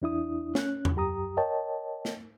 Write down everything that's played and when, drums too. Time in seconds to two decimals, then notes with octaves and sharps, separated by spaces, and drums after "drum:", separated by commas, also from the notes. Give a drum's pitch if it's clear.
0.02 E2 D4 E4 D#6
0.55 C#4 F#6, drum: snare
0.85 drum: tom E2
0.95 C2 F#2 G4 A#5 D#6
1.37 A#4 C#5 D#5 G5 A5
2.05 drum: snare